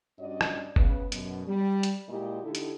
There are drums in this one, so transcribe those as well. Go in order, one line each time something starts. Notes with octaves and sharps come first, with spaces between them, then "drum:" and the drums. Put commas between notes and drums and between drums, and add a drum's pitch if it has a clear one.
G2 C#4 F#4 D5 D#5
drum: rim click
C#3 B3 B4, drum: kick F#1
F#2 B2, drum: hi-hat
G3
drum: hi-hat
A#2 G#3 E4 F#4 G4 D#5
D3 D#4 E4 G4 A4
drum: hi-hat